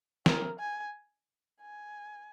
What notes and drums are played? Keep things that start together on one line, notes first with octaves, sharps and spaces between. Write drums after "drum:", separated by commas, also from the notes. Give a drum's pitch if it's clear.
A#4, drum: snare
G#5
G#5